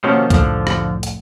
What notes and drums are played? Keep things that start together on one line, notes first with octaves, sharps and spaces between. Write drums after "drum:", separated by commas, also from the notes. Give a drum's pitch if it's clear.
C3 D#3 F3 A#3 C#4 F#4
C2 F2 A2 D3 F3, drum: kick, hi-hat
drum: rim click
drum: hi-hat